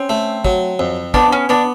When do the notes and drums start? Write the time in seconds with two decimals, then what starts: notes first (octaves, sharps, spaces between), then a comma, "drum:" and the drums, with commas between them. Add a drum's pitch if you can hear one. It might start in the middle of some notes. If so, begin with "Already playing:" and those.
Already playing: C4 C#4
0.10 A3
0.45 F#3, drum: kick
0.79 F2
1.14 B3 D4, drum: kick
1.32 C#4
1.49 B3 D4